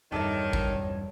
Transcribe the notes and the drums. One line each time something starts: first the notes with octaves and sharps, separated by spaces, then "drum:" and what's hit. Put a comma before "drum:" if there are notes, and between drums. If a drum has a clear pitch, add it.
E1 G2 D#3 D4 A4 C#5 E5
drum: kick